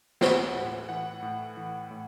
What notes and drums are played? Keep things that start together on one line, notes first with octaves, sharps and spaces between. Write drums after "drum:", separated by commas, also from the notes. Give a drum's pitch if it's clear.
E3 F#5, drum: snare
A2
E3 F#5
A2
E3
A2